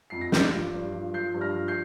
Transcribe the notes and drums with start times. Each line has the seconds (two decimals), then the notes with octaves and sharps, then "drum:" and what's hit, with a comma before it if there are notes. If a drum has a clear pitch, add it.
0.10 F2 C7
0.21 A#6
0.32 G2 D6 G6, drum: snare
0.53 F3
0.73 G2
0.94 F3
1.14 F3 G6 C7
1.34 G2
1.41 F6 A#6
1.54 F3
1.68 G6 C7